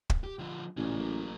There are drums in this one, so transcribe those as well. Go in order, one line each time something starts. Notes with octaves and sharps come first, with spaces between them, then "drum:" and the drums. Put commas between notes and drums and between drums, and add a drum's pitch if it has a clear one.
drum: kick
G4
D3 F3
A1 A#2 C#3
F#3 A#3